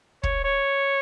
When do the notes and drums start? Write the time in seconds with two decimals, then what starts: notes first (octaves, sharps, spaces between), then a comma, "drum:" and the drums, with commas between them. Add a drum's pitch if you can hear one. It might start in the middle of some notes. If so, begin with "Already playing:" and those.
0.23 C#5, drum: kick
0.44 C#5